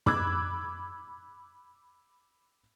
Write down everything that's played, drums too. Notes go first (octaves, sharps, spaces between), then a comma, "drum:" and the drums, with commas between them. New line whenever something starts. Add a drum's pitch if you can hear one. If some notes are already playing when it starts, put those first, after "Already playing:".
B5 D6 E6 F#6 G#6, drum: tom